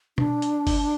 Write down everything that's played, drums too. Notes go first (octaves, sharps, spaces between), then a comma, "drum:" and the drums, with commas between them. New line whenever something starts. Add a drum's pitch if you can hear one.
D4, drum: tom
drum: hi-hat
drum: kick G1, open hi-hat